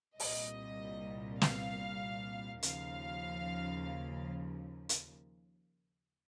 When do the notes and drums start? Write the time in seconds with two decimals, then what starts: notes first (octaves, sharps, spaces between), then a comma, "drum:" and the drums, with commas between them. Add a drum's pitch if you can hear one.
0.20 C2 A#2 G3 D#5, drum: open hi-hat
1.41 F5, drum: snare
2.63 D#2 C#3 F3 F5, drum: hi-hat
4.89 drum: hi-hat